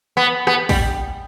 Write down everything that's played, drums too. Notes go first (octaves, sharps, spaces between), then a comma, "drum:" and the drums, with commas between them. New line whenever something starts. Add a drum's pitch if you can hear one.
B3
B3, drum: rim click
G3, drum: kick, open hi-hat